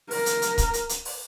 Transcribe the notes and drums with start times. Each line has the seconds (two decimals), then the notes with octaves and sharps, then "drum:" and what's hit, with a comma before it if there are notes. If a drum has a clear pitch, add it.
0.11 A#4, drum: open hi-hat
0.26 drum: hi-hat
0.42 drum: hi-hat
0.58 drum: kick C#1, hi-hat
0.74 drum: hi-hat
0.89 drum: hi-hat
1.05 drum: open hi-hat